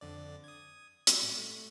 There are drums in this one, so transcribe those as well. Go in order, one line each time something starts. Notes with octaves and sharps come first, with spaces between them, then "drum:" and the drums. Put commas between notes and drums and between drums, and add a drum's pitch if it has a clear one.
F2 D3 D5
D#6 G#6
G3, drum: hi-hat
A2
A3